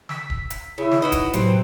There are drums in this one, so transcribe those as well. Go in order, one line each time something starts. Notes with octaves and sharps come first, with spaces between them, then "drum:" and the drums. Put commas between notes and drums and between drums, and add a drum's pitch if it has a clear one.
E6 B6, drum: snare
drum: kick D1
drum: hi-hat
C#3 E4
drum: snare
D#4 E4 F#4 B4 D#5
drum: kick D1, hi-hat
A2 C3 E3 F#3 C4, drum: hi-hat